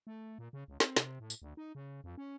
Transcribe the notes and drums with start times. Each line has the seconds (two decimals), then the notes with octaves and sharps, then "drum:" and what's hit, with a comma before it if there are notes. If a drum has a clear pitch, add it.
0.07 A3
0.39 A#2
0.53 C#3
0.68 C#2
0.80 C4, drum: snare
0.96 C3, drum: snare
1.20 A2
1.30 drum: tambourine
1.42 D2
1.57 D#4
1.75 C#3
2.04 F2
2.18 C#4